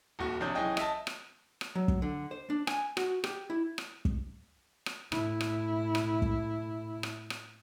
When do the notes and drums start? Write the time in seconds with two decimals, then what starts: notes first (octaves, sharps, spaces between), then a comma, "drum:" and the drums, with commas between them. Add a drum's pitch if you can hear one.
0.19 D#1 D#2 F#4
0.40 A#1 C3 C#4 D4 D#6 G6
0.55 B1 E3 C#4 G#4 D#5 G5
0.77 D#5 E5 A5, drum: rim click
1.07 drum: rim click
1.61 drum: rim click
1.75 F#3
1.88 drum: kick
2.02 D3
2.31 C5
2.50 D4
2.67 G#5, drum: rim click
2.97 F#4, drum: rim click
3.24 G4, drum: rim click
3.50 E4
3.78 drum: rim click
4.05 drum: kick
4.86 drum: rim click
5.12 A2 E4, drum: rim click
5.41 drum: rim click
5.95 drum: rim click
6.22 drum: kick
7.03 drum: rim click
7.30 drum: rim click